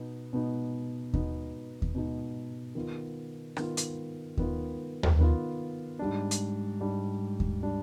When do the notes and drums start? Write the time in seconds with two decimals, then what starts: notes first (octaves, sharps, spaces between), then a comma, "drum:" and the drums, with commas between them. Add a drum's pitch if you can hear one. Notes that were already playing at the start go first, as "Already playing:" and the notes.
Already playing: B2 B3 D#4
0.33 B2 B3 D#4
1.14 B2 B3 D#4, drum: kick D#2
1.82 drum: kick D#2
1.95 B2 B3 D#4
2.75 D#3 B3 F4
3.57 D#3 B3 F4, drum: rim click
3.77 drum: hi-hat
4.37 D#3 B3 F4, drum: kick D#2
5.03 drum: tom D#2
5.19 D#3 B3 F4
5.99 G#2 G3 D4
6.31 drum: hi-hat
6.80 G#2 G3 D4
7.40 drum: kick D#2
7.62 G3 D4